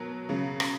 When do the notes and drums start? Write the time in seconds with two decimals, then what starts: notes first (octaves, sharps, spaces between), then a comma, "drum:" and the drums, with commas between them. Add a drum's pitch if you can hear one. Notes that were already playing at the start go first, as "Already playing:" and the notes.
Already playing: B2 F#3 A#4
0.29 C#3 F#3
0.60 drum: rim click